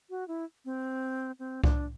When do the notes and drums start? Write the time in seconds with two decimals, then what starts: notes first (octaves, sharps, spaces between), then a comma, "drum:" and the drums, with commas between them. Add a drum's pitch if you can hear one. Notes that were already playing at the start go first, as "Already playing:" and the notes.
0.10 F#4
0.28 E4
0.65 C4
1.39 C4
1.64 D4, drum: kick C2